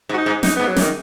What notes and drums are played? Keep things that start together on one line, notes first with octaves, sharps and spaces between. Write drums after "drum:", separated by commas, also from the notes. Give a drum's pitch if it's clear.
G#2
F#4
D#4
G#2
F#2 D#4, drum: snare
G#2 B3
F#3
F#2, drum: snare
D#3